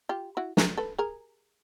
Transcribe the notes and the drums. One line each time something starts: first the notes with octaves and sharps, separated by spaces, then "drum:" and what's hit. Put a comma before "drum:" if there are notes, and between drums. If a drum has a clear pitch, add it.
F4 G4
E4 F#4
G#4 A#4, drum: snare
A4 B4
G#4 A#4